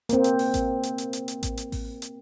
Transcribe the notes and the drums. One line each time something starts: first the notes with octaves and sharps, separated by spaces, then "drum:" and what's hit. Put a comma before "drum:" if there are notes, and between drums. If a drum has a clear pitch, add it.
A#3 C4, drum: hi-hat
drum: hi-hat
drum: open hi-hat
drum: kick A1, hi-hat
drum: hi-hat
drum: hi-hat
drum: hi-hat
drum: hi-hat
drum: kick A1, hi-hat
drum: hi-hat
drum: kick A1, open hi-hat
drum: hi-hat